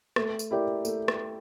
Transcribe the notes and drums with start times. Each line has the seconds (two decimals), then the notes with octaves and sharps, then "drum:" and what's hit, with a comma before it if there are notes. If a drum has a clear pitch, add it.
0.16 A3, drum: rim click
0.39 drum: tambourine
0.51 E4 G4 A#4 D5
0.85 A3, drum: tambourine
1.08 drum: rim click